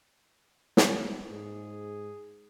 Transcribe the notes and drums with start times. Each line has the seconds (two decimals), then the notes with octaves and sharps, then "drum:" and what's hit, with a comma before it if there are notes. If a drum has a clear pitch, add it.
0.77 drum: snare
1.30 G#2 G#4